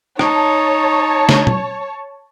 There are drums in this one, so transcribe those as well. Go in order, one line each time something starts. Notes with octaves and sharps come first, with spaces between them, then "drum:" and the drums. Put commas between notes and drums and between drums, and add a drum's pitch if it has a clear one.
D#4 C#5 A5, drum: rim click
drum: snare
drum: tom